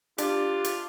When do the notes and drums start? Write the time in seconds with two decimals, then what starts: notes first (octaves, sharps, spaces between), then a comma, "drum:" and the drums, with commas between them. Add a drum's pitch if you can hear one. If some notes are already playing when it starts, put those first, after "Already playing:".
0.18 D4 F4 G4, drum: hi-hat
0.64 drum: hi-hat